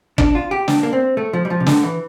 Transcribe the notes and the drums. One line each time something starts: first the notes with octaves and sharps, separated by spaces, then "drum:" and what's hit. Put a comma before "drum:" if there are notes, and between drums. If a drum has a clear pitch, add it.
D4, drum: kick
F4
G4
D4, drum: snare
A#3
C4
A3
F3
G3
F3
C3
D3, drum: snare
E3